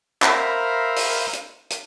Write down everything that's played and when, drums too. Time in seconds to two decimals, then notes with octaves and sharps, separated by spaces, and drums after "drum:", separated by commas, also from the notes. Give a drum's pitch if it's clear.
0.22 A#4 C5 E5 F5 A#5 B5, drum: clap
0.96 drum: open hi-hat
1.33 drum: hi-hat
1.70 drum: hi-hat